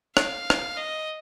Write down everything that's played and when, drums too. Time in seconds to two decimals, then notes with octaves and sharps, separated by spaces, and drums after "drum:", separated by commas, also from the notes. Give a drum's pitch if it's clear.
0.17 F5, drum: rim click
0.50 drum: rim click
0.77 D#5